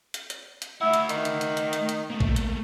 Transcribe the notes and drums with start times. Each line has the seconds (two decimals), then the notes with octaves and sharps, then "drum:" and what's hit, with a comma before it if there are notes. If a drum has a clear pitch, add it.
0.14 drum: hi-hat
0.30 drum: hi-hat
0.62 drum: hi-hat
0.81 A3 E4 F#5
0.93 drum: hi-hat
1.09 D#3, drum: hi-hat
1.25 drum: hi-hat
1.41 drum: hi-hat
1.57 drum: hi-hat
1.73 drum: hi-hat
1.89 drum: hi-hat
2.10 A3 A#3
2.20 drum: kick A1
2.36 drum: hi-hat